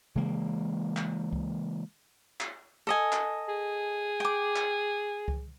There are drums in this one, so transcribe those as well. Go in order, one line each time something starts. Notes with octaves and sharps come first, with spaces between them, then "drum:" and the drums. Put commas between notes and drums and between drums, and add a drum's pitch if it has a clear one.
C#3 E3 G#3 A#3
drum: clap
drum: kick C#2
drum: clap
A4 D#5 G#5
drum: clap
G#4
G5 D6
drum: clap
drum: kick C#2